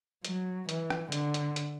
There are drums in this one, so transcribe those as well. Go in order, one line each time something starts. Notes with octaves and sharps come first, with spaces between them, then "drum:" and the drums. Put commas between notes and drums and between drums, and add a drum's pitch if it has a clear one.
F#3, drum: hi-hat
E3, drum: hi-hat
drum: rim click
D3, drum: hi-hat
drum: hi-hat
drum: hi-hat